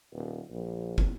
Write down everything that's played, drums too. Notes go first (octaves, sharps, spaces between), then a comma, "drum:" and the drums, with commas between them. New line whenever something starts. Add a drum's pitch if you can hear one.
D#1
A#1
drum: kick